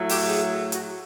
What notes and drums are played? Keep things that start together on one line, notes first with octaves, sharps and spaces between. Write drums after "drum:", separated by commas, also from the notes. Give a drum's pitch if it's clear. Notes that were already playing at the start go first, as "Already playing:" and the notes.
Already playing: A2 F#3 A3
G4, drum: open hi-hat
G#4
F#4, drum: hi-hat